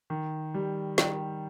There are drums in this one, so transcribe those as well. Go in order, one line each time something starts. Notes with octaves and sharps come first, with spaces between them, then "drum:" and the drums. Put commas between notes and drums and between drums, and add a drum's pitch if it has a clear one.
D#3
G3
D#3, drum: snare